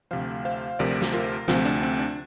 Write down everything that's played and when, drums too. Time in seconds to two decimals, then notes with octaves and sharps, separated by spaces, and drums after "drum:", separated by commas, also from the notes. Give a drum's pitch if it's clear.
0.11 D2 C3 F3 C5 F5
0.45 C5 F5
0.79 D2 C3 F3 A#4 D5
1.02 drum: snare
1.13 F4 A#4
1.48 D2 C3 F3 C4 F4, drum: snare
1.65 D4, drum: hi-hat
1.83 C4
1.99 D4